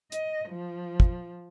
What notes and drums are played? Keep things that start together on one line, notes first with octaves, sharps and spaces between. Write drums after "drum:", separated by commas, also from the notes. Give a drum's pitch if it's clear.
D#5, drum: hi-hat
F3
drum: kick